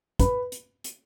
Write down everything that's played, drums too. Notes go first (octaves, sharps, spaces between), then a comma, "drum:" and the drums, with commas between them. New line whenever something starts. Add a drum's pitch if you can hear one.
F#2 B4 B5, drum: kick, hi-hat
drum: hi-hat
drum: hi-hat